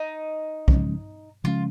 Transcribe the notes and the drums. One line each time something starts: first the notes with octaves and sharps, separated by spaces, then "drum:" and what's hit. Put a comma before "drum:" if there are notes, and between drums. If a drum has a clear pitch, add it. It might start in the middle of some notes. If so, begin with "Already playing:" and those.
Already playing: D#4
C#3 F3 G#3 C#4, drum: kick
C#3 F3 G#3 C#4 F4